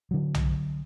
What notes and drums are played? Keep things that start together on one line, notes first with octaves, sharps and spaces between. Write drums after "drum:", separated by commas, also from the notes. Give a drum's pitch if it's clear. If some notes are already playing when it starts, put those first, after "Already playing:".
D3 F#3
drum: tom B1